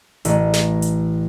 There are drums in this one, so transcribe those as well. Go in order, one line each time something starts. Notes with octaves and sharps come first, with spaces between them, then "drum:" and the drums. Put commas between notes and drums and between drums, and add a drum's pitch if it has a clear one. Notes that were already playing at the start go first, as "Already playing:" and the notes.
A1, drum: hi-hat
drum: snare
drum: hi-hat